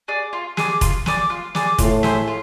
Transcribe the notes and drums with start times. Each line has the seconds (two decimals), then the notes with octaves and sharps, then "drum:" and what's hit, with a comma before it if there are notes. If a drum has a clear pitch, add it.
0.08 G#4 D5
0.33 F4
0.57 G#4 D5, drum: snare
0.81 F4, drum: kick F1, hi-hat
1.06 G#4 D5, drum: snare
1.30 F4
1.55 G#4 D5, drum: snare
1.78 A2 F4, drum: kick F1, hi-hat
2.03 G#4 C5 E5, drum: snare
2.27 F4